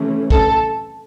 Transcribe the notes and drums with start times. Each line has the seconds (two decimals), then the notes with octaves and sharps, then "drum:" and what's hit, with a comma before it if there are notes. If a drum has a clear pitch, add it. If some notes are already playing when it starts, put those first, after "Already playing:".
Already playing: C3 E3 A3 C#4
0.30 A4, drum: kick